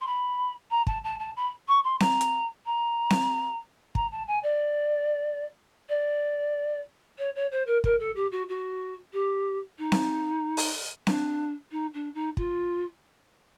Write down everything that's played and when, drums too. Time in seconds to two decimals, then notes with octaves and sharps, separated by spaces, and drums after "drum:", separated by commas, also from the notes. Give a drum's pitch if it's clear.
0.01 C6
0.06 B5
0.70 A#5
0.87 A5, drum: kick
1.04 A5
1.19 A5
1.36 B5
1.68 C#6
1.84 C6
2.00 A#5, drum: snare C4
2.21 drum: hi-hat
2.65 A#5
3.10 drum: snare C4
3.95 A#5, drum: kick
4.11 A5
4.27 G#5
4.43 D5
5.89 D5
7.18 C#5
7.35 C#5
7.51 C5
7.66 A#4
7.84 A#4, drum: kick
7.99 A4
8.15 G4
8.31 F#4
8.49 F#4
9.13 G4
9.78 D#4
9.92 drum: snare C4
10.57 drum: open hi-hat
11.07 D4, drum: snare C4
11.71 D#4
11.94 D4
12.14 D#4
12.37 F4, drum: kick